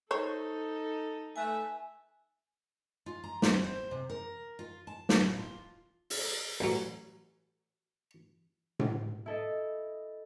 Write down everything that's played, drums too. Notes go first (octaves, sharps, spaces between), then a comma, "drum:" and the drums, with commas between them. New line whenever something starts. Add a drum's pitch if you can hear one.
D#4 A4 C5 C#5
A3 B4 E5 G#5
F4
A#5
C4, drum: snare
C5
C3
A#4
F4
A5
drum: snare
A#2
F4
drum: open hi-hat
A1 F#3
drum: tom A2
E4 A4 D#5